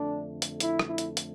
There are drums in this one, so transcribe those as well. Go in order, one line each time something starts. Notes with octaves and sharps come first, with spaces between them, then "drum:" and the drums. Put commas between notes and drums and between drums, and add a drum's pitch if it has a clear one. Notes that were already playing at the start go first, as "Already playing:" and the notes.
Already playing: F2 D3 A3 D4
drum: hi-hat
E4, drum: hi-hat
drum: rim click
E4
drum: hi-hat
drum: hi-hat